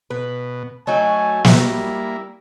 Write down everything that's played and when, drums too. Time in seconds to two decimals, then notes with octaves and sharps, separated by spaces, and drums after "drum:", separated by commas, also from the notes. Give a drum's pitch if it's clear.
0.10 B2 B4
0.87 F#3 A3 D#4 F#4 G#5
1.44 G3 A#3 E4, drum: snare